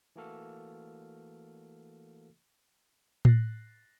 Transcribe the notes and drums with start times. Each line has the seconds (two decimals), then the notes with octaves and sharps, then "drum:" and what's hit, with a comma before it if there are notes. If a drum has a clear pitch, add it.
0.16 E3 A3 A#3 F#4 A4 F6
3.25 F#6 A6 A#6 C7, drum: tom A2